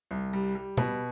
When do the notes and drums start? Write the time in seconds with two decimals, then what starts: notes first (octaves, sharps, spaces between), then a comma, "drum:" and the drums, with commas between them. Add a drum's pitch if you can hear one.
0.11 C2
0.33 G3
0.55 G3
0.77 B2, drum: tom